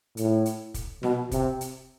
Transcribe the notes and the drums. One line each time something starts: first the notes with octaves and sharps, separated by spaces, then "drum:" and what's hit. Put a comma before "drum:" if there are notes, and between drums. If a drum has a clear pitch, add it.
A2, drum: hi-hat
drum: hi-hat
drum: kick, hi-hat
B2, drum: snare
C3, drum: kick, hi-hat
drum: hi-hat